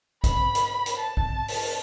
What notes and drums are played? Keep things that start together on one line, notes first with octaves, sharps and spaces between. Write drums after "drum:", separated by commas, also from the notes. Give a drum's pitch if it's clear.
B5, drum: kick, hi-hat
drum: hi-hat
drum: hi-hat
A5
drum: kick
drum: open hi-hat